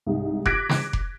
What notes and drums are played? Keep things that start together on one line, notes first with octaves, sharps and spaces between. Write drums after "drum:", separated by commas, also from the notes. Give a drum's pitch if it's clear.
C2 G#2
D6 F#6 G#6 A#6 B6 D7, drum: kick F1
drum: snare
drum: kick F1